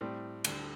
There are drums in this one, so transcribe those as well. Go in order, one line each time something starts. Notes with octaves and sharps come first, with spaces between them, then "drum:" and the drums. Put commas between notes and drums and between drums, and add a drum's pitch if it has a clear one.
A2 G3 C4
D2 D3 G3, drum: cymbal